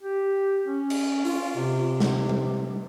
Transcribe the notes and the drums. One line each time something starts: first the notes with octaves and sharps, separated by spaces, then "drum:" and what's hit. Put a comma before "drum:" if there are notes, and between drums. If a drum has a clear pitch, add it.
G4
C#4
drum: cymbal
F4, drum: open hi-hat
C3
drum: snare
drum: tom G3